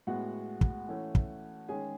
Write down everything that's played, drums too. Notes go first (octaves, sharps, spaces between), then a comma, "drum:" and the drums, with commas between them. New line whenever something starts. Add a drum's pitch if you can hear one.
A2 G#3 B3 F#4 F#5
drum: kick
E3 A3 C#4
drum: kick
D#3 G#3 C#4 G#4 G#5